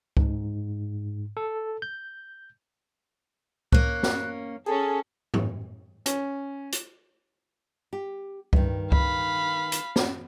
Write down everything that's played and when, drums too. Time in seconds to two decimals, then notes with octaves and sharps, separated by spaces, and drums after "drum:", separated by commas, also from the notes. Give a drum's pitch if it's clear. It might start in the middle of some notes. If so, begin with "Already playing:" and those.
0.17 G#2, drum: kick C#2
1.37 A4
1.82 G6
3.72 A#3 C#4 F#6, drum: kick C#2
4.03 drum: snare
4.67 C#4 G#4 A4 A5
5.34 drum: tom
6.06 C#4, drum: hi-hat
6.72 drum: hi-hat
7.93 G4
8.53 G2 D#3, drum: kick C#2
8.92 F5 B5, drum: kick C#2
9.72 drum: hi-hat
9.96 drum: snare